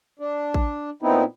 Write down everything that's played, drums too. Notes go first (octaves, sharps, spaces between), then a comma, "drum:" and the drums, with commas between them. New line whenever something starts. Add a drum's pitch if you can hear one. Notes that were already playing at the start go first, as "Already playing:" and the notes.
D4
drum: kick
A#2 B3 C4 D#4 E4